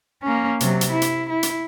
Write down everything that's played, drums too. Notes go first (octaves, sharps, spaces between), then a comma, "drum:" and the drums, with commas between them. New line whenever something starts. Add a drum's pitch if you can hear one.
A#3 C#4
C3 F#3, drum: hi-hat
drum: hi-hat
E4
drum: hi-hat
E4
drum: hi-hat